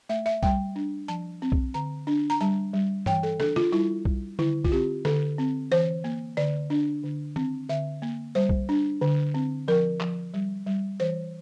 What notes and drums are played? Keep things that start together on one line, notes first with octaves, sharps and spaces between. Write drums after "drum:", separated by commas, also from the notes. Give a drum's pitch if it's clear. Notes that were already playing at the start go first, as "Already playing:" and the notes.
A3 E5
E5
G3 G5, drum: kick B1
D4
F3 A5
C4
drum: kick B1
D3 A#5
D4
A#5
G3 A5
G3
E3 G5, drum: tom G2
A4
D4 A4, drum: snare
F4, drum: snare
G3 E4
G3, drum: kick B1
D3 E4, drum: tom D#3
F4, drum: kick B1
C4 G4
D3 A4, drum: snare
C4
E3 C5
A#3
D3 D5
D4
D3
C4, drum: tom D#3
D3 E5
A#3
G3 C5
drum: kick B1
D4
D3
C4
F3 A#4
F3, drum: clap
G3
G3
E3 C5